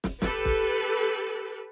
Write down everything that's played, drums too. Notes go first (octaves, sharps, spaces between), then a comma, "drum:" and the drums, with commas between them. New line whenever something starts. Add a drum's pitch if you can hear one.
drum: snare
G4 A4 B4, drum: snare
drum: kick